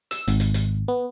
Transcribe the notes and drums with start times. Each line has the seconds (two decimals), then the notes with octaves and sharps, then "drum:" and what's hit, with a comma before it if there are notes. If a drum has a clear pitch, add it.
0.11 E6, drum: hi-hat
0.28 G#1, drum: hi-hat
0.40 drum: hi-hat
0.54 drum: hi-hat
0.88 B3